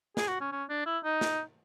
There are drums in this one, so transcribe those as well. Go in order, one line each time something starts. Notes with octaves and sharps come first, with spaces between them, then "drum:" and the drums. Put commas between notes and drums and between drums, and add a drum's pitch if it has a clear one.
G#4, drum: snare
F#4
C#4
C#4
D4
E4
D#4
drum: snare